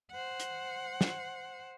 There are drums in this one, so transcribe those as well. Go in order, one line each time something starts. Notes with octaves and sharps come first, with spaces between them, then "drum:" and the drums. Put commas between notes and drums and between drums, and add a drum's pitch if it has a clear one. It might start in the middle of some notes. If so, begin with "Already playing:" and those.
C5 F#5
drum: hi-hat
drum: snare